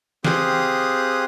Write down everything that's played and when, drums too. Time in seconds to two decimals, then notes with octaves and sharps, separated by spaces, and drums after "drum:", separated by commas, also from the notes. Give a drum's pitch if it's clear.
0.25 C4 G4 G#4 F5 D#6 F#6, drum: snare